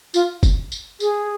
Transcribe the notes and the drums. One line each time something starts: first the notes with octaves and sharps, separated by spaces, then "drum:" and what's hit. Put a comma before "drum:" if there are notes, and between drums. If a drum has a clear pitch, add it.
F4, drum: tambourine
drum: kick, tambourine
drum: tambourine
G#4, drum: tambourine